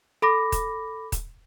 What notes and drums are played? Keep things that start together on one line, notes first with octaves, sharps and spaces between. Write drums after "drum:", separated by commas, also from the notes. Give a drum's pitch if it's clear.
A4 B5 D6 A#6
drum: kick D#1, hi-hat
drum: kick D#1, hi-hat